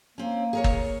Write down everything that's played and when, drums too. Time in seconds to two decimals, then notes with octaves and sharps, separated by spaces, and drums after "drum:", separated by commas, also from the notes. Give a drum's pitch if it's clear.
0.18 A#3 C4 C#4
0.53 G#4 A#4 C#5
0.64 drum: kick G1